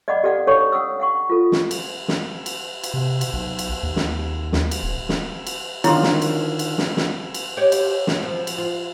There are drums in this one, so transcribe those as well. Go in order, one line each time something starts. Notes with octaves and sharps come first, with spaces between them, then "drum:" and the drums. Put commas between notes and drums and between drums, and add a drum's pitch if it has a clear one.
D5 D#5 F5 F#5 B5 D6
G4 A4 D5 F5 F#5
D4 D#4 A4 C#5 F5 C#6
C#4 F#5 D#6 E6
F5 F#5 C#6
F4 A4
drum: snare
drum: cymbal
drum: snare
drum: cymbal
drum: cymbal
C3
drum: cymbal
B1
drum: cymbal
D#2
drum: snare
drum: snare
drum: cymbal
D#1
drum: snare
drum: cymbal
D3 D#3 E4 F4 C#5 C6, drum: cymbal
drum: snare
drum: cymbal
drum: cymbal
drum: snare
drum: snare
drum: cymbal
G4 C#5 D#5
drum: cymbal
E3, drum: snare
F3
drum: cymbal
F4